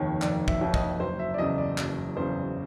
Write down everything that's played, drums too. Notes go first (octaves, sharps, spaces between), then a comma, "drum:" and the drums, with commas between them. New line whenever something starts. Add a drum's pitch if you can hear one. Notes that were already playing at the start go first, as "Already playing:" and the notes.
Already playing: F1 D#2 D#3 C#5
F1 D5, drum: clap
E5, drum: kick
D#2 D#3
D#5, drum: kick
F#1 C5
E5
D5
E2 C#3 D#5
D5
F#1, drum: clap
E2 C#3 C5